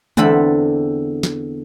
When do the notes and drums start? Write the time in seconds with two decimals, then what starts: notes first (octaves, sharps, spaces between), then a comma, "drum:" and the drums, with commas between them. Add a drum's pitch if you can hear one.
0.17 E2 D3 C4 A4 B5, drum: tom G#3
1.23 drum: snare